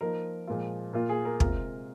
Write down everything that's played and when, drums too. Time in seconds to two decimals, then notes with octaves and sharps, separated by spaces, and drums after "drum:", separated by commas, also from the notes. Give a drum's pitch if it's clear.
0.01 F3 A#3 D#4 A#4
0.47 A#2 F3 G#3 F4
0.93 A#2 A#3 F4
1.09 G#4
1.25 A#4
1.40 C3 G#3 F4 A#4, drum: kick